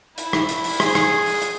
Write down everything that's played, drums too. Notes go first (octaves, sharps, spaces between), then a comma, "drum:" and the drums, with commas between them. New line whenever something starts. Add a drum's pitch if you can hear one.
E4, drum: hi-hat
drum: rim click
drum: hi-hat
drum: open hi-hat
G#4, drum: rim click
drum: rim click
drum: open hi-hat
drum: hi-hat